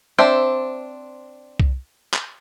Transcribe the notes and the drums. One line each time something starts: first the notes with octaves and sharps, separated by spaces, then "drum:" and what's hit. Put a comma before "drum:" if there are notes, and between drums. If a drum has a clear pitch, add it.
C4 D4 C5 E5
drum: kick C2
drum: clap